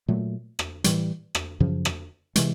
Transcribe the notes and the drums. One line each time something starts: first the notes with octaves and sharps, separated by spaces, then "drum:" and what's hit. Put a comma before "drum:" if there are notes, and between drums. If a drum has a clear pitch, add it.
A#2 F#3 A3
drum: rim click
A2 E3 G3, drum: hi-hat
drum: rim click
F#2 C#3 F3
drum: rim click
C3 E3 G#3, drum: hi-hat